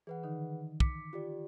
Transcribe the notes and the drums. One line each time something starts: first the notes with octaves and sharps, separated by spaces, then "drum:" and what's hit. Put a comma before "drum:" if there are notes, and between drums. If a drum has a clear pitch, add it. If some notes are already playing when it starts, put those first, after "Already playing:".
E3 G#4 B4 F#5
D3 D#3 D#4
D6 B6 C#7, drum: kick
F4 G4 D5